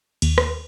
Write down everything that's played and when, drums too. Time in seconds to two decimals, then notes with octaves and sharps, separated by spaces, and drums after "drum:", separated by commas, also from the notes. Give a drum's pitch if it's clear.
0.22 D#2, drum: cymbal
0.38 drum: rim click